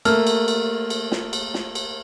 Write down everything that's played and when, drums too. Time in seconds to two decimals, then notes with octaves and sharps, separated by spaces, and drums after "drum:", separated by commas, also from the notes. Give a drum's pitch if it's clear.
0.05 A3 A#3 F6, drum: cymbal
0.27 drum: cymbal
0.48 drum: cymbal
0.90 drum: cymbal
1.12 drum: snare
1.33 drum: cymbal
1.54 drum: snare
1.75 drum: cymbal